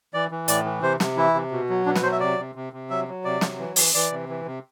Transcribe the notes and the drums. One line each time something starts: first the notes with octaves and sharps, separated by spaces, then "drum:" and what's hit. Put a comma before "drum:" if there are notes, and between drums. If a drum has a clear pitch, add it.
E3 D5
E3
A2 D5, drum: hi-hat
E3
C3 C5
C3, drum: snare
E3 E4
C3
B2
F#3
B2 D4
B4, drum: snare
F#3 C5
E5
C3 D5
C3
C3
C3
F#3 E5
F#3
C3 D5
F#3, drum: snare
E3
E3, drum: open hi-hat
E3 D5
C3
E3
C3